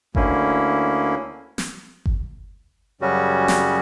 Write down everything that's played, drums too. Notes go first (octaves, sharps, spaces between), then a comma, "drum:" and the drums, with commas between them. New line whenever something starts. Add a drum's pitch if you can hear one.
D2 D3 A#3 C#4 E4, drum: kick G1
drum: snare
drum: kick G1
F#2 C#3 G3 C#4 F#4
drum: snare